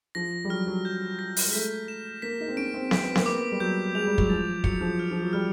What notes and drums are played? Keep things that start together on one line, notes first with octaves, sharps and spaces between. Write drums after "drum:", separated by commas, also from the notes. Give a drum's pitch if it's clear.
F3 A#6
G3
F#3 F6
F#3
G6
A#6
drum: open hi-hat
G#3
A3 B6
E7
A#3 B6
D#4
C4
C#4 D7
C4
C4 B6, drum: snare B3
B3
A#3, drum: snare B3
B3 D6
G3
F#3 G6
G#3 F7
G3
F#3, drum: kick
F3 A6
F#3 C#7, drum: kick
F3
F6
F3
F#3
G3 F6